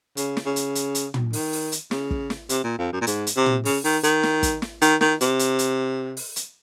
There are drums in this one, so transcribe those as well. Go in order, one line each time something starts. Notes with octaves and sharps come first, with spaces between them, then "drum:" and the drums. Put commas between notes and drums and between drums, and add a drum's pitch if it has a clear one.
C#3, drum: hi-hat
drum: snare
C#3
drum: hi-hat
drum: hi-hat
drum: hi-hat
drum: tom
D#3, drum: open hi-hat
drum: open hi-hat
drum: hi-hat
C#3, drum: snare
drum: kick
drum: snare
C3, drum: hi-hat
A#2
F2
F#2
A#2
G#2, drum: hi-hat
drum: hi-hat
C3
drum: tom
C#3, drum: open hi-hat
D#3, drum: open hi-hat
D#3, drum: hi-hat
drum: snare
drum: kick, hi-hat
drum: snare
D#3, drum: hi-hat
D#3, drum: snare
C3, drum: hi-hat
drum: hi-hat
drum: hi-hat
drum: open hi-hat
drum: hi-hat